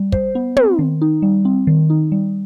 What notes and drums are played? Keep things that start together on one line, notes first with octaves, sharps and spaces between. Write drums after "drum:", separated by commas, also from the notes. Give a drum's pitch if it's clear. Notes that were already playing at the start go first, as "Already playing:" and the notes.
Already playing: G3
C5, drum: kick
B3
C4, drum: tom
D#3
D#4
G3
C4
D#3
D#4
G3